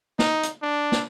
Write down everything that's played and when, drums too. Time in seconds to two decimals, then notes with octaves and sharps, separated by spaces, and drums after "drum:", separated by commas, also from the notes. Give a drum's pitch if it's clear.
0.19 D#4, drum: snare
0.43 drum: hi-hat
0.63 D4
0.92 drum: snare